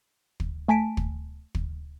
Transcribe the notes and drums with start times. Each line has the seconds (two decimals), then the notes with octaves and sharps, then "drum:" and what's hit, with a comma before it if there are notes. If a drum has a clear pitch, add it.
0.40 drum: kick
0.68 A3 G#5 A5 B6 D7
0.97 drum: kick
1.55 drum: kick